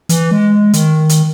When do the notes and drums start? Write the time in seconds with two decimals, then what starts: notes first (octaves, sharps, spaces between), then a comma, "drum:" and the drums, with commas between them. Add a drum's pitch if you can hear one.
0.09 E3, drum: hi-hat
0.31 G#3
0.73 D#3, drum: hi-hat
1.09 drum: hi-hat